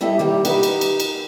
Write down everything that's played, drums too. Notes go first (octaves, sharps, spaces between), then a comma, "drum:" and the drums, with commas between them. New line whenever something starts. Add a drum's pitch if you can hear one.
G3 E4 G4 A4 D#5 E5
D#3 G3 A#3 E4 G4 D5
D#4 F#4 G4 A#4 B4 D#5, drum: cymbal
drum: cymbal
drum: cymbal
drum: cymbal